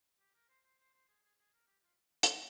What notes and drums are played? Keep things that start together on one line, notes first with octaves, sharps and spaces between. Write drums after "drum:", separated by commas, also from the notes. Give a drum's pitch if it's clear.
G4
A#4
C5
C5
C5
C5
G#4
G#4
G#4
A#4
G4
F4
drum: hi-hat